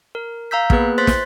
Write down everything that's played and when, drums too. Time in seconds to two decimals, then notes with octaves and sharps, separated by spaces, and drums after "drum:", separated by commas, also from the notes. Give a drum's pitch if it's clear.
0.15 A#4
0.51 F5 A#5 E6 G6 B6
0.70 A#3 B3 G#4 B4 F#6, drum: kick
0.98 C5 C6 F#6 A6 B6
1.07 drum: snare